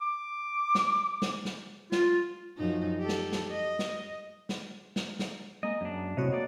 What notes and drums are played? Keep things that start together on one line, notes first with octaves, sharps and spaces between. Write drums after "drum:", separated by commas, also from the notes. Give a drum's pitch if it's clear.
D6
drum: snare
drum: snare
drum: snare
F4, drum: snare
F#2 F3 D#4
G4 A4
drum: snare
drum: snare
D#5
drum: snare
drum: snare
drum: snare
drum: snare
G#3 A#3 D#5
F#2 D4
A2 C3 F#4 C#5 D#5
A#3 A4 D5